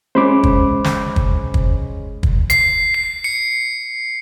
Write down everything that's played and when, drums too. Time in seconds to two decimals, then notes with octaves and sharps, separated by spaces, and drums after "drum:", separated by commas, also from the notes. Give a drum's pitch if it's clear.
0.15 G#3 C#4 C5 B5 D6
0.43 drum: kick
0.84 drum: snare
1.16 drum: kick
1.54 drum: kick
2.23 drum: kick
2.50 C7, drum: hi-hat
2.94 C7
3.24 C#7